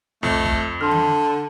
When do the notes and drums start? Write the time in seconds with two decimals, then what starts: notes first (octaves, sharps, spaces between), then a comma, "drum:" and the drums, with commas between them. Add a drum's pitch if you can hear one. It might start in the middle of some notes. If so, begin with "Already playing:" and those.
0.23 F2 A3, drum: tom B1
0.46 drum: kick F#1
0.81 D3 A5 C6 F6
0.91 drum: tom D3